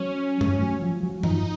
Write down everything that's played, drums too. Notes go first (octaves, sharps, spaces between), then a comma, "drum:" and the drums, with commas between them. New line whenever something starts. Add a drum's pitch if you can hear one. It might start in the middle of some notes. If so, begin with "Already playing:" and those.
Already playing: F#3 C#4
A3, drum: tom
F#3
F3
F#3
F3 D#4, drum: tom G2